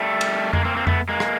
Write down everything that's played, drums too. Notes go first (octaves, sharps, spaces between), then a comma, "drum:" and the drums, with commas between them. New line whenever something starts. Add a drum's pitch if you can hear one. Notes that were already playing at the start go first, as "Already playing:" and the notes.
Already playing: G3 A3
drum: cymbal
G#3 A#3, drum: tom F2
A#3 C4
A#3 C4
A3 B3, drum: tom F2
G#3 A#3
drum: rim click